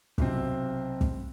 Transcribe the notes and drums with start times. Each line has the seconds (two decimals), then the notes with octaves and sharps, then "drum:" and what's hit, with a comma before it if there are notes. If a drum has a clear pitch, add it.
0.18 B1 C3 C4, drum: kick
1.01 drum: kick